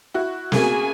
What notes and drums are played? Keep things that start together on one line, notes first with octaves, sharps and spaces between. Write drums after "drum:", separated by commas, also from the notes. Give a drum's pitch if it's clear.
E4 F#4
C#3 A3 A#3 F#4 G#4 G#5, drum: snare